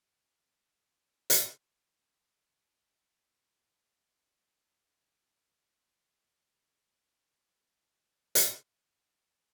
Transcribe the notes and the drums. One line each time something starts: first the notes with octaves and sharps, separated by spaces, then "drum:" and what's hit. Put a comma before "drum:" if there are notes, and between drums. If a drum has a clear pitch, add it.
G#2 F#3 A3 A#3 C5 G5
drum: hi-hat
D#5
A#2 F3 B3 C4
A#2 F#4
C#4 D#4 E4 F#4 A4 C#5
C4 C#4 A4 A#4 C5
C5
D#6 F6 F#7
G6 D#7 F7
D3 C6 D#6
F6
F5 G5 C6 E6 F#6
drum: hi-hat